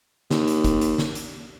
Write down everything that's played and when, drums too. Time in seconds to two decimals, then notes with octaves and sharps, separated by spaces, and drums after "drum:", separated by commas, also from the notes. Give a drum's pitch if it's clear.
0.31 D#2, drum: snare
0.48 drum: hi-hat
0.64 drum: kick, hi-hat
0.81 drum: hi-hat
0.98 drum: snare
1.15 drum: hi-hat